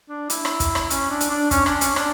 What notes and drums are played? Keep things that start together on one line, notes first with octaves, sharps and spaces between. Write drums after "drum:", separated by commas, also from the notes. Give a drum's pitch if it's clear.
D4
E4, drum: hi-hat
drum: rim click
drum: kick, hi-hat
drum: rim click
C#4, drum: hi-hat
D4
drum: hi-hat
D4
C#4, drum: kick, hi-hat
D4, drum: rim click
C#4, drum: hi-hat
D4, drum: rim click